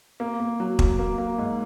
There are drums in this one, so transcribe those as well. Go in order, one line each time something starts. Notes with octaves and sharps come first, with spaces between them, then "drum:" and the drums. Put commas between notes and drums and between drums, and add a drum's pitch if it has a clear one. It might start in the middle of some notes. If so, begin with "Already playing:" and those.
A#3
A#3
F#3
F#3, drum: kick
A#3
A#3
G#2